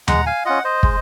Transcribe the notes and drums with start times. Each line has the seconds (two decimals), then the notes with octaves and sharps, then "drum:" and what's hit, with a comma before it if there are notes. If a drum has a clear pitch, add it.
0.08 G#3 F#5 A#5, drum: tom D#2
0.26 F5 G#5
0.45 C#4 F4 D#5 F#5
0.64 C5 D#5
0.83 G#3, drum: kick